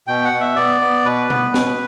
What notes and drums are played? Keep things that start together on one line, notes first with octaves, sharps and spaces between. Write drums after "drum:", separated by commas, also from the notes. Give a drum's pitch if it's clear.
B2 G5
F#5
B2
E5
B3 D5
B3
B2 B4
B3, drum: tom B2
B2, drum: snare